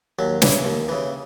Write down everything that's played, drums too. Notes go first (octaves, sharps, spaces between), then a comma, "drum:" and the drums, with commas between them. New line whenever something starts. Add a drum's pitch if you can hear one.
D#2 F#3
C#3 E3, drum: snare
D#2
C#3 E3